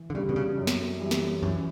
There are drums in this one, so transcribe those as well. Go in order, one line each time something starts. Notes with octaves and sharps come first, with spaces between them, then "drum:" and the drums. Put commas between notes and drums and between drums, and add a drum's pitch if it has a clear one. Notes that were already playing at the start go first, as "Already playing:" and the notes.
Already playing: E3
D3
C#3 G3 D4 G4
B2
C#3
F#2
drum: snare
E3 G3
drum: snare
F#2 E3